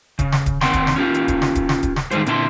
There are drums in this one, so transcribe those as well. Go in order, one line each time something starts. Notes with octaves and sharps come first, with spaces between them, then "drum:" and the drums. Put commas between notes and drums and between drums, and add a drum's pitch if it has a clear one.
C#3, drum: kick D1, hi-hat
drum: snare
drum: kick D1, hi-hat
D#2 C4 F#5 G5 C6, drum: snare
drum: kick D1, hi-hat
drum: snare
C#4 F4 G4
drum: hi-hat
drum: kick D1, hi-hat
drum: snare
drum: kick D1, hi-hat
drum: snare
drum: kick D1, hi-hat
drum: snare
D#3 F3 G3 G#3 C5, drum: hi-hat
A#2 D3 C4 E4 A5 C6, drum: hi-hat